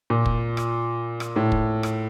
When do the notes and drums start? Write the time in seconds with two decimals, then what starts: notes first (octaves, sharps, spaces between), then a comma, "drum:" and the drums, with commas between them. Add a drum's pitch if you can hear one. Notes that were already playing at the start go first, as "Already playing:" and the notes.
0.10 A#2
0.26 drum: kick
0.57 drum: rim click
1.20 drum: rim click
1.36 A2
1.52 drum: kick
1.83 drum: rim click